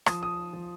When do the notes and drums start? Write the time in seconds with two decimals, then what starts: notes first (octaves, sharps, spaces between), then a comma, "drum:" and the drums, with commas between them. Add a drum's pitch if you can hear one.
0.06 F3 D#6, drum: rim click
0.23 D#6
0.53 F3